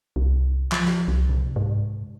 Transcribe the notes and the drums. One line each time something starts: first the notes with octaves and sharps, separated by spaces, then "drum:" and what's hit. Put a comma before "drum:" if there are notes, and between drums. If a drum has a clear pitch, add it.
C2
F3, drum: clap
drum: snare
C2
drum: tom C3
G#2